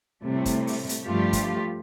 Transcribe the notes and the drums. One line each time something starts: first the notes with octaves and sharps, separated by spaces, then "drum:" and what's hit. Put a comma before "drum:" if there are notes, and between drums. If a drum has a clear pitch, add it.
A2 C3 G3 A3
drum: kick, hi-hat
drum: open hi-hat
drum: hi-hat
G2 F3 A3 F4 G4
drum: kick, hi-hat